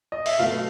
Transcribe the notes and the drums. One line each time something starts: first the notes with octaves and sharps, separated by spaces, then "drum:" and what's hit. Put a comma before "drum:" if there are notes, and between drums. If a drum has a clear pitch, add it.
D#5
E5, drum: open hi-hat
B2 F#3 A3 F5